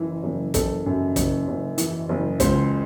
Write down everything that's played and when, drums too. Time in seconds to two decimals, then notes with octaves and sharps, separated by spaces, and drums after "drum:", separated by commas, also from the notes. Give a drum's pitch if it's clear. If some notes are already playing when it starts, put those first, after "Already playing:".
Already playing: F#1 E3
0.23 F#1
0.54 F#1 A4, drum: kick, hi-hat
0.86 F#2
1.16 F#1, drum: kick, hi-hat
1.48 F#1
1.78 E3, drum: hi-hat
2.09 F#1
2.40 C#2 C5, drum: kick, hi-hat